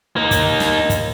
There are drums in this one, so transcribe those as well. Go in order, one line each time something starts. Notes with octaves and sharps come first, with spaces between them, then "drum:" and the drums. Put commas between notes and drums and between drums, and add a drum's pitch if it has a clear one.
A#3 D#4
drum: kick, hi-hat
drum: snare
drum: kick, hi-hat